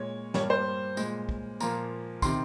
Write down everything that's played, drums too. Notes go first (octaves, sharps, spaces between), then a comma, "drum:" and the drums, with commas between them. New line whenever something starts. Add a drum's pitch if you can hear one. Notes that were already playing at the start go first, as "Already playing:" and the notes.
Already playing: A#2 G#3 C#5
G2 G3 A#3 C#5, drum: snare
C5
A#2 G#3, drum: tambourine
drum: kick
A#2 F3 A#3 A#5, drum: tambourine
C3 D#3 C6, drum: kick, tambourine